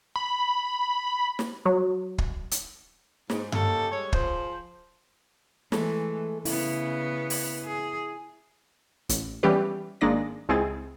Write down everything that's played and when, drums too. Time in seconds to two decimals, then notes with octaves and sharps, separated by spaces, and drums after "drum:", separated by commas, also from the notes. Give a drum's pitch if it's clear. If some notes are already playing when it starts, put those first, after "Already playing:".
0.16 B5
1.39 drum: snare
1.66 F#3
2.18 drum: kick
2.51 drum: hi-hat
3.30 G#2, drum: snare
3.52 A#3 C#4 D#4 G4 A4, drum: tom G2
3.91 G3 G#3 C#5
4.13 F3 G#4 C5, drum: kick
5.72 E3 G#3 A3 A4, drum: snare
6.45 C#3 B3 E4, drum: open hi-hat
7.30 drum: open hi-hat
7.66 G#4
9.09 A1, drum: hi-hat
9.43 E3 G3 B3 C#4 G4 B4
10.01 G#1 G#3 A#3 D4 D5 A#6
10.49 C#2 G#3 C4 E4 G#4 A6